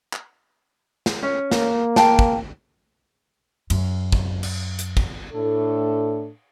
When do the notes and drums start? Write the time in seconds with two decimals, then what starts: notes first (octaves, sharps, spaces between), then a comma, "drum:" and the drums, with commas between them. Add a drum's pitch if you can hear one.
0.13 drum: clap
1.06 drum: snare
1.23 C#4
1.52 A#3, drum: snare
1.96 F5 G5 A5, drum: snare
2.19 drum: kick
3.70 F#2, drum: cymbal
4.12 drum: kick
4.43 drum: cymbal
4.79 drum: hi-hat
4.97 drum: kick
5.34 A2 D4 A4